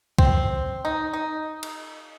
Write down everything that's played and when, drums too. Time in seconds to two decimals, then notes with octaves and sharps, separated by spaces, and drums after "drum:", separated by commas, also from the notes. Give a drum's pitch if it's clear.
0.19 C4, drum: kick C2
0.85 D#4
1.13 D#4
1.63 drum: cymbal